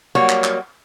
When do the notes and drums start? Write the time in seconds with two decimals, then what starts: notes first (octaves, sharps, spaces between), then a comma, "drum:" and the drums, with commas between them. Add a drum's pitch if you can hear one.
0.15 F#3 G3 A#3 F#4 C#5
0.29 drum: clap
0.44 drum: clap